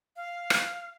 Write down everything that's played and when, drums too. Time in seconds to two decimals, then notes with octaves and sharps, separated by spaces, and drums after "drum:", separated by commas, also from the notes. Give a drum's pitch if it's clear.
0.16 F5
0.50 drum: rim click